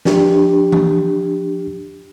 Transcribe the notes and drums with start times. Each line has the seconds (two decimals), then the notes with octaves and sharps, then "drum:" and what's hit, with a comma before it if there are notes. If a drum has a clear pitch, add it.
0.05 F3 D4 G4, drum: snare
0.72 drum: tom E3